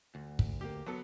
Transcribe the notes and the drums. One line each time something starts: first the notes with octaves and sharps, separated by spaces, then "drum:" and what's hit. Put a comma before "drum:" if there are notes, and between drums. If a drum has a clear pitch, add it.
D2
drum: kick
A#3 G4
F#3 B3 A4